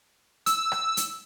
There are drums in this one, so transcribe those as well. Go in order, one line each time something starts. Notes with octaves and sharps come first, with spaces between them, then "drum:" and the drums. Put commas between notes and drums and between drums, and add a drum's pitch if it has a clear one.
E6, drum: hi-hat
drum: rim click
drum: hi-hat